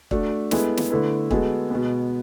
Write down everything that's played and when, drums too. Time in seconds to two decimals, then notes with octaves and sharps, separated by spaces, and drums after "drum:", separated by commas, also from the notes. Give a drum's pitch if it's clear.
0.11 A3 D4 F#4, drum: kick
0.51 G#3 B3 E4 A4, drum: snare
0.77 drum: snare
0.90 D3 A3 E4 B4
1.31 G#3 B3 F#4 A4, drum: kick
1.70 B2 G#3 B3